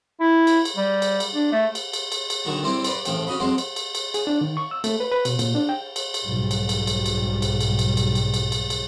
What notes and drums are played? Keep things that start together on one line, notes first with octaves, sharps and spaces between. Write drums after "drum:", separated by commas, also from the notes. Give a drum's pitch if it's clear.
E4
drum: cymbal
drum: cymbal
G3
drum: cymbal
drum: cymbal
D4
A3
drum: cymbal
drum: cymbal
drum: cymbal
drum: cymbal
D3 D#3 F#3 A#5 C#6
G3 C4 E4 C5 D5 G5
B4 D5 A#5 C6, drum: cymbal
A1 F3 G5, drum: cymbal
C#4 F#4 D#5 B5
F2 F#3 G#3 C5 F#5 D6
drum: cymbal
drum: cymbal
drum: cymbal
G#4, drum: cymbal
D4
D#3
C#6
E6
A3, drum: cymbal
B4
B4
B2, drum: cymbal
A#2, drum: cymbal
D4
G5
drum: cymbal
drum: cymbal
B1 G#2 G3
drum: cymbal
drum: cymbal
drum: cymbal
drum: cymbal
drum: cymbal
drum: cymbal
drum: cymbal
drum: cymbal
drum: cymbal
drum: cymbal
drum: cymbal
drum: cymbal